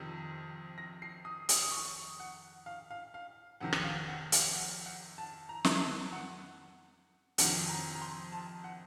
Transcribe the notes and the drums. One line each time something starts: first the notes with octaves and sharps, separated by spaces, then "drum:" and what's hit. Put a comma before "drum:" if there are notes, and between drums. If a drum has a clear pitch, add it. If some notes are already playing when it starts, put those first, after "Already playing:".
Already playing: F2 C3 D#3
A#6
C7
D#6
D#6, drum: hi-hat
D#6
C#6
F#5
F5
F5
F5
F2 C3 D#3 F#5
drum: rim click
F5
F#5
F5, drum: hi-hat
F#5
F#5
A5
A#5
drum: snare
A5
F#5
F2 C3 D#3 F#5, drum: hi-hat
A#5
A#5
C6
A5
F#5